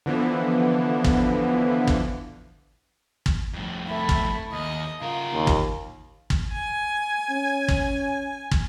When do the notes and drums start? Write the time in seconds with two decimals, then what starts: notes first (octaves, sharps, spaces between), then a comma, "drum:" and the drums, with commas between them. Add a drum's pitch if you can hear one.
0.06 D3 E3 F3 B3
1.04 drum: kick
1.87 drum: kick
3.26 drum: kick
3.53 F2 A2
3.88 A3 E4
4.09 drum: kick
4.53 D#2 D#5
5.02 C#3 F4 A#4
5.34 D#2
5.47 drum: kick
6.30 drum: kick
6.52 G#5
7.30 C#4
7.68 drum: kick
8.51 drum: kick